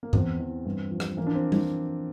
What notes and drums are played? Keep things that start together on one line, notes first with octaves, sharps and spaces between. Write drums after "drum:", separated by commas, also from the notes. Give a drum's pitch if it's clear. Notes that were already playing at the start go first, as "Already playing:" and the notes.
A#3
E2 C4, drum: tom G2
E3
G2
F3
drum: rim click
E3 A#3
D4
C4
drum: tom